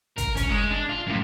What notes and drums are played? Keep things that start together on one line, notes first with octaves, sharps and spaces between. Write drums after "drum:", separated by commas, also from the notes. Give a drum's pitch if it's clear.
A#4, drum: kick, hi-hat
C#4, drum: kick, hi-hat
G#3
D4
F4
F#2 A2